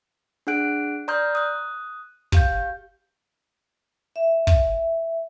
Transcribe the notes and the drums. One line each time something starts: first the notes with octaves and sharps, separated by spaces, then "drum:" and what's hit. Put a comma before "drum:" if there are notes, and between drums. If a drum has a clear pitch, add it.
D4 G#4 F#5 F#6 D7
D5 A#5 C6 D#6 F6 G6
D#6 F#6
G4 F5 G6, drum: kick
E5
drum: kick